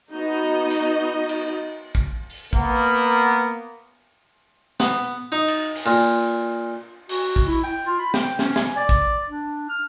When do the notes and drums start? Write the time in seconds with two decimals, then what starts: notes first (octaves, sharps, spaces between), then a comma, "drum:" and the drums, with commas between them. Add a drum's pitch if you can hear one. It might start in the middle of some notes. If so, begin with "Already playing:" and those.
0.13 B3 D#4 F#4 D#5
0.70 drum: hi-hat
1.29 drum: cymbal
1.95 drum: kick A1
2.30 drum: open hi-hat
2.53 A#3 B3, drum: kick A1
4.80 B3, drum: snare
5.32 D#4
5.48 drum: cymbal
5.75 drum: cymbal
5.86 A#2
7.09 F#4, drum: cymbal
7.36 drum: kick A1
7.46 E4
7.63 G5
7.85 F4
7.99 B5
8.14 G5, drum: snare
8.39 C#4, drum: snare
8.56 G#5, drum: snare
8.76 D5
8.89 drum: kick A1
9.29 D4
9.69 F6